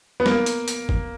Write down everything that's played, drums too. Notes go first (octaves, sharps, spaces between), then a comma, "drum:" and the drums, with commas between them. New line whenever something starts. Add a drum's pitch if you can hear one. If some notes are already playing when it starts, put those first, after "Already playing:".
B3
A#3, drum: snare
drum: hi-hat
drum: hi-hat
drum: kick G1